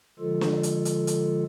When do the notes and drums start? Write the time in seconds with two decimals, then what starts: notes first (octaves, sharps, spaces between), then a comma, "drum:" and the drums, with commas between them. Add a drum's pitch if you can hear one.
0.19 D3 F3 G#3 F4 A4
0.41 drum: snare
0.63 drum: hi-hat
0.85 drum: hi-hat
1.07 drum: hi-hat